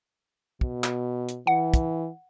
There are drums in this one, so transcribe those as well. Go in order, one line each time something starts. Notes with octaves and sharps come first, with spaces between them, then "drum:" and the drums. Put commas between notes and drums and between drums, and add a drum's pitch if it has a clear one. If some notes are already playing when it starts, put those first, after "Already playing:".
B2, drum: kick
drum: clap
drum: hi-hat
E3 F#5
drum: kick, hi-hat